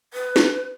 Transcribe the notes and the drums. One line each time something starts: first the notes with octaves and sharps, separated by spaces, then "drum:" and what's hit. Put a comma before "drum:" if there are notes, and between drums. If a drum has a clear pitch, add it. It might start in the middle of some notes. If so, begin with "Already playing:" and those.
B4
drum: snare